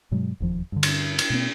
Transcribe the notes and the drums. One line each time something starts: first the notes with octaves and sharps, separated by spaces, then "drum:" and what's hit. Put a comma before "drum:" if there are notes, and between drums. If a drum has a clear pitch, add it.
G2 B2 F#3 G#3
E1 D#2 D#3 F3
G2 D3
drum: cymbal
drum: cymbal
B2 A#3 C4